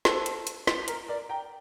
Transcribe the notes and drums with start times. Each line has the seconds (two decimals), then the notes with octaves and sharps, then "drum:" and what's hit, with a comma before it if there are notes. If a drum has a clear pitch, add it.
0.05 A4 C5, drum: snare
0.26 drum: hi-hat
0.47 drum: hi-hat
0.67 drum: snare
0.88 A#4, drum: hi-hat
1.08 A#4 D5
1.29 G5 A#5